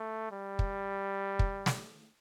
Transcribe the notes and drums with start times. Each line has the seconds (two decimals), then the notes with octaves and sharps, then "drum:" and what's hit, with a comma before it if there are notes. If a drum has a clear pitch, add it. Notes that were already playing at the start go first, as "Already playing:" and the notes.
Already playing: A3
0.32 G3
0.59 drum: kick
1.39 drum: kick
1.66 drum: snare